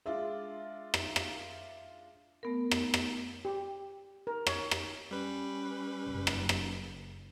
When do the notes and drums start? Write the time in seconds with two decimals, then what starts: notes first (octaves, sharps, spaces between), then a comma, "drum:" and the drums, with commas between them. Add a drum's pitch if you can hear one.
0.06 G#3 D4 F4 E5
0.94 drum: rim click
1.16 drum: rim click
2.43 A3 B3 A#4
2.71 drum: rim click
2.94 drum: rim click
3.45 G4
4.27 A#4
4.47 C#5, drum: rim click
4.71 drum: rim click
5.11 G3 C#4 B4
6.08 F#1
6.27 drum: rim click
6.49 drum: rim click